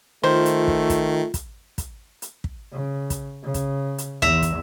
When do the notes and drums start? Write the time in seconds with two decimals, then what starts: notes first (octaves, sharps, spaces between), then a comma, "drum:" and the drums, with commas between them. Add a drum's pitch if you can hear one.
0.24 D#3 A3 F4 C5
0.46 drum: hi-hat
0.68 drum: kick
0.90 drum: kick, hi-hat
1.34 drum: kick, hi-hat
1.78 drum: kick, hi-hat
2.22 drum: hi-hat
2.44 drum: kick
2.72 C#3
3.10 drum: kick, hi-hat
3.43 C#3
3.54 drum: kick, hi-hat
3.98 drum: hi-hat
4.22 E2 E5 A#5, drum: kick
4.42 drum: kick, hi-hat